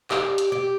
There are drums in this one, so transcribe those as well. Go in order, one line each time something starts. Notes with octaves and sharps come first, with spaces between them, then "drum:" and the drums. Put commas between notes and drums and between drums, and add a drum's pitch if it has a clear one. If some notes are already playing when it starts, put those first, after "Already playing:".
G4, drum: clap
drum: hi-hat
G4